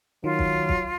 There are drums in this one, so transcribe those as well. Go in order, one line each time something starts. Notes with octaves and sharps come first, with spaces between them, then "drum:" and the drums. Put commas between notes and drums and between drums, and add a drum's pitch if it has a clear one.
D#3 F#3 F4
drum: kick
drum: kick